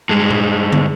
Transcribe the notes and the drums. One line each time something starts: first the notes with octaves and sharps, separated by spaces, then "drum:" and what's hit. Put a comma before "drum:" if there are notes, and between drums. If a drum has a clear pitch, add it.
G2 G#3
drum: tom
drum: tom D3